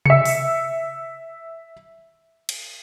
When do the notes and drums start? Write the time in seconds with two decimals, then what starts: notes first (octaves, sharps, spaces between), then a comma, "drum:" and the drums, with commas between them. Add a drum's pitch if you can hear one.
0.06 E5 C#7, drum: tom C3
0.26 drum: open hi-hat
2.49 drum: cymbal